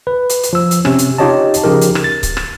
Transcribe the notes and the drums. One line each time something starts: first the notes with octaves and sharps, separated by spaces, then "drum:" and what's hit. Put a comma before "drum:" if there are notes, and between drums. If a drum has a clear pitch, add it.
B4
drum: hi-hat
drum: hi-hat
F3 E6
drum: hi-hat
C3 C#4, drum: rim click
drum: hi-hat
D#4 F4 G4 C#5 D#5 A5
drum: hi-hat
C#3 F3 D#4 G4 A#4
drum: hi-hat
drum: rim click
A6
drum: kick C#1, hi-hat
drum: rim click